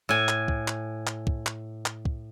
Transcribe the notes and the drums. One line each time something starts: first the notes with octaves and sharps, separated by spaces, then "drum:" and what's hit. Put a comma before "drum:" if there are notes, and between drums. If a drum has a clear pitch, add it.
A2 G#5
drum: clap
drum: kick
drum: clap
drum: clap
drum: kick
drum: clap
drum: clap
drum: kick